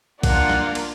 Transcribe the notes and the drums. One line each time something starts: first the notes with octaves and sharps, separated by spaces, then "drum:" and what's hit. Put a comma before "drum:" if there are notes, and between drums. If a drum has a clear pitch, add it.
A#3 D4 F4 F#5, drum: kick A#1, cymbal
drum: snare
drum: cymbal